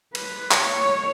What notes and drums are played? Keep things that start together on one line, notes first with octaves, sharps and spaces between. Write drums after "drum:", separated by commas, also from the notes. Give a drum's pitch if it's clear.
B4, drum: cymbal
drum: clap
C#5